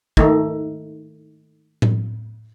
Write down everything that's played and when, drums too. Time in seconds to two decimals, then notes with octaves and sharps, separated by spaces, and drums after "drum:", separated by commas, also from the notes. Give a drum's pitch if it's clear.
0.17 D#3 A3 D#4, drum: kick
1.82 drum: tom A2